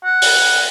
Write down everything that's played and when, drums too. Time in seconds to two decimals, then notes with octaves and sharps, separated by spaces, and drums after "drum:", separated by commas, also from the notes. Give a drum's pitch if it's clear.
0.05 F#5
0.22 drum: open hi-hat